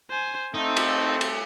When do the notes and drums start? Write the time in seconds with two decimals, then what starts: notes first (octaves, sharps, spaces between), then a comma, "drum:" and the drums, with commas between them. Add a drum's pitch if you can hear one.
0.10 C5 G#5
0.54 A3 C4 D#4 A4 F5
0.77 drum: cymbal
1.21 drum: cymbal